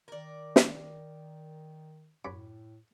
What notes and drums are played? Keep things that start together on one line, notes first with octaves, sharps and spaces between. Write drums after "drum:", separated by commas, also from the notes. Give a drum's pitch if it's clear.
D#3 A#4 D5
drum: snare
F#2 A2 B5 D6